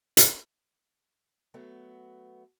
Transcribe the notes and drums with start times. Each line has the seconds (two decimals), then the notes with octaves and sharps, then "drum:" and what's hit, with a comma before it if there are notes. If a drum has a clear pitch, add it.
0.17 drum: hi-hat
1.54 F#3 A3 B3